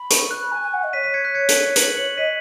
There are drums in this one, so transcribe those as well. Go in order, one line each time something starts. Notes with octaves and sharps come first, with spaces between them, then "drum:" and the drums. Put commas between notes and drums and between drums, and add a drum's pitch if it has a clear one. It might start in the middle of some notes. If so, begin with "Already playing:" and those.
Already playing: B5
C#6, drum: hi-hat
F#6
G#5 F#6
G#5
F#5
D#5
C#5 B6 D#7
B6 D#7
G#6 C#7
F#6 B6
G#6 C#7
drum: hi-hat
B4 C#7 F#7, drum: hi-hat
C#5 C#7 F#7
D#5 B6 D#7